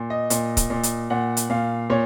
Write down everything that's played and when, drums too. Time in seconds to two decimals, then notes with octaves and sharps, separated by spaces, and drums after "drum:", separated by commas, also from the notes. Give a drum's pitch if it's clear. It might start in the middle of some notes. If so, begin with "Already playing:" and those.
Already playing: A#2
0.10 D#5
0.30 A#2, drum: hi-hat
0.57 drum: kick C#1, hi-hat
0.70 A#2
0.83 drum: hi-hat
1.10 A#2 F#5
1.37 drum: hi-hat
1.50 A#2 F5
1.90 A#2 C#5